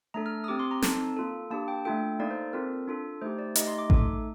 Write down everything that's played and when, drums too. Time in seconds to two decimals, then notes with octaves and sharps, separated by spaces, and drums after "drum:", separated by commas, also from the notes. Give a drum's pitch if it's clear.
0.14 A3 D4 A4 A#5
0.26 F6
0.44 D#6
0.48 C4 G4 D6
0.59 C6
0.71 A#5
0.82 C4 D#4 A4 A5, drum: snare
1.17 A#3 F4 A4
1.50 A#3 D4 G4 A5
1.68 G5
1.85 A3 D4 F4 A4 G5
2.19 A#3 D#4 A4 D5
2.31 C5
2.53 C4 F4 A4 A#4
2.88 D4 F4 A4
3.22 A3 D#4 G4 C5
3.39 D5
3.55 A3 D#4 G4 D#5, drum: hi-hat
3.67 C6
3.78 D6
3.90 A3 D#4 A4, drum: kick A1